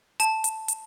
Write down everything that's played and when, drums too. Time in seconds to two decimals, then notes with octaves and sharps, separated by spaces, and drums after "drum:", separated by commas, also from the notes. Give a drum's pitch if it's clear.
0.20 A5, drum: hi-hat
0.44 drum: hi-hat
0.68 drum: hi-hat